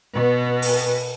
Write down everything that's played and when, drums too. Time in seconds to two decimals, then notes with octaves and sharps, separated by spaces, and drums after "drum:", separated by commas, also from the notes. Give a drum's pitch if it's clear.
0.14 B2 B3
0.62 drum: open hi-hat